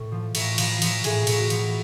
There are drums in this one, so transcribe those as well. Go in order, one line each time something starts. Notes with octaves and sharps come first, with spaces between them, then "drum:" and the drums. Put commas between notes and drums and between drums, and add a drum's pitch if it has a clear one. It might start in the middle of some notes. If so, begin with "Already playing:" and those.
Already playing: A2 A4
F3
A2, drum: cymbal
F3, drum: cymbal
F3, drum: cymbal
A2 G#4, drum: cymbal
A2, drum: cymbal
F#4
F3, drum: cymbal